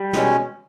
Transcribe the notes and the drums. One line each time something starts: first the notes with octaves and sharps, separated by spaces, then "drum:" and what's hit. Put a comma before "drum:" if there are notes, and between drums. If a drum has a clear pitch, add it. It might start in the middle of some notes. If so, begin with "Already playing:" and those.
Already playing: G3
B2 G#3 C#4, drum: snare